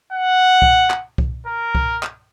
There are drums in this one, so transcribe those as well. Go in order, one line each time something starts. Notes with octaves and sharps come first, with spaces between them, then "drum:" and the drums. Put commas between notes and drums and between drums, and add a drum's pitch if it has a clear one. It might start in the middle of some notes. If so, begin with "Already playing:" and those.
F#5
drum: kick C2
drum: clap
drum: kick C2
A#4
drum: kick C2
drum: clap